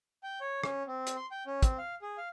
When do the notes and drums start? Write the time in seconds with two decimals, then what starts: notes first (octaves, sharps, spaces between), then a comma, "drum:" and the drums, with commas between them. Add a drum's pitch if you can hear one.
0.23 G5
0.41 C#5
0.64 C#4, drum: rim click
0.87 C4
1.07 drum: hi-hat
1.17 C6
1.31 G5
1.47 C#4
1.63 C4, drum: kick, hi-hat
1.78 F5
2.02 G#4
2.18 F5